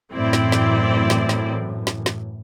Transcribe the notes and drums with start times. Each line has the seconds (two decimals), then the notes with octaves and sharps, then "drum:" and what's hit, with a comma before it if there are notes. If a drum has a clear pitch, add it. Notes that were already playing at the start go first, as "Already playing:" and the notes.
0.14 F#2 A2 E3 C4 E4 D5
0.33 drum: snare
0.52 drum: snare
1.10 drum: snare
1.29 drum: snare
1.87 drum: snare
2.06 drum: snare